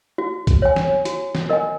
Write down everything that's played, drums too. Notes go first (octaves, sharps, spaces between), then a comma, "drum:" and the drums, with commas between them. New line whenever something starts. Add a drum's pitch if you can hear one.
F#4
drum: kick, hi-hat
C#5 G#5
drum: snare
F#4, drum: hi-hat
drum: snare
A#4 D#5 G#5